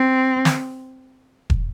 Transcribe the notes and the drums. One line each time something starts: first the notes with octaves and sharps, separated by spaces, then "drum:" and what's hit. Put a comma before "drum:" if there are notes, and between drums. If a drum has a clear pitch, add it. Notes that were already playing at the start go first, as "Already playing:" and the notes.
Already playing: C4
drum: snare
drum: kick E1